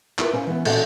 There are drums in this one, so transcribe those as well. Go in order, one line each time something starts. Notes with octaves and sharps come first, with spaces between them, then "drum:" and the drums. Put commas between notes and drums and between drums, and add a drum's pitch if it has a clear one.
E4 F4 A#4 B4, drum: clap
C#4 C5 F5 G#5
E3 B3
A#2 C#4 F#4 A4 F#5, drum: cymbal